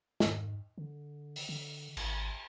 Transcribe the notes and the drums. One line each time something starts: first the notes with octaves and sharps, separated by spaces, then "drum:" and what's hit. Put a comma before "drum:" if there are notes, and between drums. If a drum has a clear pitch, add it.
G#2, drum: snare
D3
drum: open hi-hat
D3
G#1, drum: cymbal